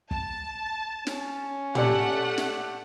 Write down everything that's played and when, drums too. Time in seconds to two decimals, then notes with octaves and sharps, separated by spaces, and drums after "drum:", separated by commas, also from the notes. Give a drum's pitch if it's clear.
0.11 A5, drum: kick
1.07 C#4, drum: snare
1.75 A3 G4 A4 D5 F#5, drum: tom
2.38 drum: snare